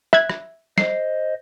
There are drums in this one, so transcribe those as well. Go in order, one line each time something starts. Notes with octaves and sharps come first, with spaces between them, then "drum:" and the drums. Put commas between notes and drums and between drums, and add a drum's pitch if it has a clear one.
E5 F#6 G#6, drum: rim click
drum: rim click
C5 D#5 C7, drum: snare